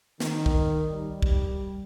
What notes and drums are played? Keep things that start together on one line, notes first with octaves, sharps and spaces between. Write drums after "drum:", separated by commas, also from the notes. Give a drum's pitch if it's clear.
D#3, drum: snare
drum: kick
G3
drum: kick